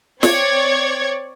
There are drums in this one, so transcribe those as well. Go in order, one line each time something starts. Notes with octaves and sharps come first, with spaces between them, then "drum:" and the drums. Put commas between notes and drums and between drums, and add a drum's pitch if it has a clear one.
C4 C#5 D5 C#6 G#6, drum: snare